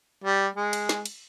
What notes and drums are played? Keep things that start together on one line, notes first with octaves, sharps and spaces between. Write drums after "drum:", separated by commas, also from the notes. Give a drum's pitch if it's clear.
G3
G#3
drum: cymbal
drum: snare
drum: cymbal